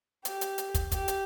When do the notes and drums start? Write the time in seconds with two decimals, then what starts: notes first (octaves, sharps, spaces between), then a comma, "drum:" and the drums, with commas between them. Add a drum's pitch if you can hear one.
0.25 G4, drum: hi-hat
0.41 drum: hi-hat
0.58 drum: hi-hat
0.74 drum: kick, hi-hat
0.92 G4, drum: kick, hi-hat
1.08 drum: hi-hat